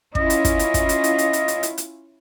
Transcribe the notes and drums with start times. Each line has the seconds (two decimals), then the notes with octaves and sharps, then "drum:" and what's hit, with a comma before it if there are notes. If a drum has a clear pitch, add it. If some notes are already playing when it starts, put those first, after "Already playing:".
0.15 C#4 E4 F4 D#5, drum: kick
0.30 drum: hi-hat
0.45 drum: kick, hi-hat
0.59 drum: hi-hat
0.74 drum: kick, hi-hat
0.89 drum: hi-hat
1.04 drum: hi-hat
1.18 drum: hi-hat
1.33 drum: hi-hat
1.48 drum: hi-hat
1.63 drum: hi-hat
1.78 drum: hi-hat